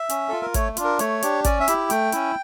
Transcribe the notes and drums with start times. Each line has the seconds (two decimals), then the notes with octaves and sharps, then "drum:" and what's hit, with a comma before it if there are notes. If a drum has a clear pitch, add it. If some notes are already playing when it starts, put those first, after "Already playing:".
Already playing: E5
0.10 C#4, drum: hi-hat
0.29 F4 A4
0.42 A#4
0.54 A3 C#5, drum: kick, hi-hat
0.77 D4 F4, drum: hi-hat
0.84 A#4
0.99 A3 C#5, drum: hi-hat
1.23 D4 G4, drum: hi-hat
1.45 C#4 D5, drum: kick, hi-hat
1.60 E5
1.68 E4 G4, drum: hi-hat
1.90 A3 G5, drum: hi-hat
2.13 C#4 E4, drum: hi-hat